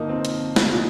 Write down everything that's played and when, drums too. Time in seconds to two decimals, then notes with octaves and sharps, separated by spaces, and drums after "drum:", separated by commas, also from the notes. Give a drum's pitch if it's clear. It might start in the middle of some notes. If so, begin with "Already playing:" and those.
Already playing: G1 F2 A#3 D#4
0.09 C4
0.25 drum: hi-hat
0.56 drum: snare
0.72 A#2 F3 D#4